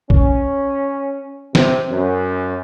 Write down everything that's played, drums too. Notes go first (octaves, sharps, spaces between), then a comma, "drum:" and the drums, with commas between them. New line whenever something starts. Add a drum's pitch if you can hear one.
C#4, drum: kick
C3, drum: snare
F#2